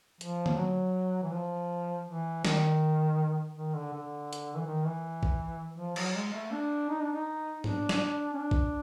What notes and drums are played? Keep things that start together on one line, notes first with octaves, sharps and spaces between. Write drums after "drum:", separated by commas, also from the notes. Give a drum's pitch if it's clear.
F3, drum: hi-hat
drum: tom D3
F#3
E3
F3
E3
D#3, drum: snare
D#3
D3
D3
drum: hi-hat
E3
D#3
E3
drum: kick
F3
F#3, drum: cymbal
G#3
A3
D4
D#4
D4
D#4
D4, drum: tom
drum: snare
C#4
D4
drum: kick